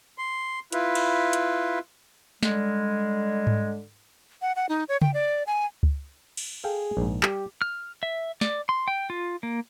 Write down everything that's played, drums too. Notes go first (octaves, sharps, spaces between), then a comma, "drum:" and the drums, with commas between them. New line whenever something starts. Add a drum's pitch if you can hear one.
C6
E4 F4 B4, drum: hi-hat
drum: cymbal
drum: hi-hat
D3 G3 G#3, drum: snare
drum: tom G#2
F#5
F#5
D#4
C#5
G5, drum: tom C#3
D5
G#5
drum: kick C#2
drum: cymbal
G#4 A4 F5 G5
A#1 G#2
G3 G4, drum: clap
F6
E5
D5, drum: snare
C6
G5
F4
A#3